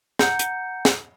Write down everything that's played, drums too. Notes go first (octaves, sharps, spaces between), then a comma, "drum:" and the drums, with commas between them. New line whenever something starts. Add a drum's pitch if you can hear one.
F#5 A#5 G6 C#7, drum: snare
drum: hi-hat
drum: snare